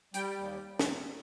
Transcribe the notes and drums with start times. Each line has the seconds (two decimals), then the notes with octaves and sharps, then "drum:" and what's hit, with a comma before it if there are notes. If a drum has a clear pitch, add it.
0.14 G3 G5, drum: hi-hat
0.39 D#2
0.79 drum: snare